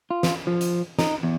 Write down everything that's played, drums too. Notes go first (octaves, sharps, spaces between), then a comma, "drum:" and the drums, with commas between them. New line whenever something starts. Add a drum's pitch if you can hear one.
F4
drum: snare
F3
drum: hi-hat
D#4, drum: snare
E2